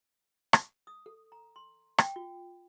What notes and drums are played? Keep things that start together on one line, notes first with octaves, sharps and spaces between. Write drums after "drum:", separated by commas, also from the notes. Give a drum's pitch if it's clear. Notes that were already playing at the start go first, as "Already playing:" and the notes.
drum: rim click
D#6
A4
A#5
C6
G5, drum: rim click
F4